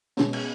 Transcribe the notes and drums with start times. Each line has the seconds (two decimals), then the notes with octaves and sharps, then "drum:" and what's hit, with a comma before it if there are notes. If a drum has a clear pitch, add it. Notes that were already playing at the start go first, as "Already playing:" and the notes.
0.17 B2 G#3 C#4, drum: snare
0.33 drum: cymbal